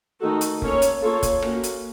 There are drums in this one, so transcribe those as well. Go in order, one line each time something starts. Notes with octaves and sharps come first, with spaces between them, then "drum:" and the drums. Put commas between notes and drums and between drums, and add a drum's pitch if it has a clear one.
D#3 A3 D#4 F#4 A4
drum: hi-hat
A#3 C#4 A4 C#5, drum: kick F1
drum: hi-hat
A#3 F4 A4 C#5
drum: kick F1, hi-hat
A#3 C#4 F#4, drum: rim click
drum: hi-hat